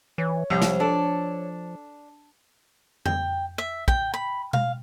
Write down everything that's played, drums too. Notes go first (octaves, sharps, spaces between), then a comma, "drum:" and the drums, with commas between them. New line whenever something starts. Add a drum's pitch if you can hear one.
E3 C#5
C2 F3
drum: snare
D4 A4
G5, drum: tom F2
E5
G5, drum: kick
B5
F5, drum: tom B2